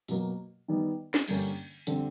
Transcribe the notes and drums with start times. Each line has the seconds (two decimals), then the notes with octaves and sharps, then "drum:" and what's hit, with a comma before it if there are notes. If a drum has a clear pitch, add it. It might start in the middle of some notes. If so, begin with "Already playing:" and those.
0.08 B2 F#3 A#3, drum: open hi-hat
0.68 D#3 G3 B3 D#4
1.14 drum: snare
1.28 G2 D3 G3 A#3 C#4, drum: cymbal
1.87 D3 G3 C4, drum: hi-hat